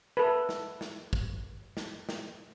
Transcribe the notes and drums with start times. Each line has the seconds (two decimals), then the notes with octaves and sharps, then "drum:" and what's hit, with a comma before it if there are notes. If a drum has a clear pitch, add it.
0.17 A4 B4
0.49 drum: snare
0.81 drum: snare
1.13 drum: kick
1.77 drum: snare
2.09 drum: snare